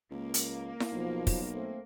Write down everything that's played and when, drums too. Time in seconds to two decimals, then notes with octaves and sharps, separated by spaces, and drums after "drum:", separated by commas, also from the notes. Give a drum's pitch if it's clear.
0.11 C#2 A#3
0.34 drum: hi-hat
0.80 drum: snare E4
0.92 B1 F3 F#3
1.27 drum: kick, open hi-hat
1.52 A3 C4